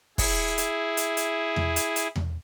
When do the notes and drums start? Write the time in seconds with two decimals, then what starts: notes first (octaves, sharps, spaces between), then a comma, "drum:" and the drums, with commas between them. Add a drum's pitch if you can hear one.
0.18 E4 G#4, drum: kick, open hi-hat
0.58 drum: hi-hat
0.97 drum: hi-hat
1.17 drum: hi-hat
1.56 drum: tom E2
1.76 drum: hi-hat
1.96 drum: hi-hat
2.16 drum: tom E2